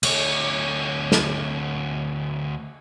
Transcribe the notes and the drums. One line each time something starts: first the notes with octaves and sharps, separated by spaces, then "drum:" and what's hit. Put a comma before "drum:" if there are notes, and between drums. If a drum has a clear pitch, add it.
D2 C#5, drum: cymbal
drum: snare